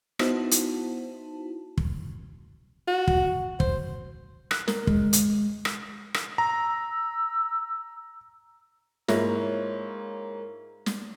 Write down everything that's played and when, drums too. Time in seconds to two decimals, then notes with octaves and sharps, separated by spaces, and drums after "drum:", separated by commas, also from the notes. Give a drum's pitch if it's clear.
0.19 B3 D#4 E4 F#4 C5 A5, drum: rim click
0.51 drum: hi-hat
1.77 drum: kick
2.88 F#4
3.08 drum: kick
3.60 C5, drum: kick
4.51 F#6, drum: rim click
4.68 A#4, drum: snare
4.87 G#3, drum: kick
5.13 drum: hi-hat
5.65 drum: rim click
6.14 drum: rim click
6.38 A#5 E6
9.08 G#2 A#3 E4 F4 C#5 A#6, drum: snare
10.86 drum: snare